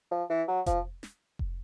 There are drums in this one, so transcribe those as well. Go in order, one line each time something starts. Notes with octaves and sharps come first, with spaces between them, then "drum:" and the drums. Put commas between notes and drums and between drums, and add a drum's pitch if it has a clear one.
F3
E3
F#3
F3, drum: kick F1, hi-hat
drum: snare
drum: kick F1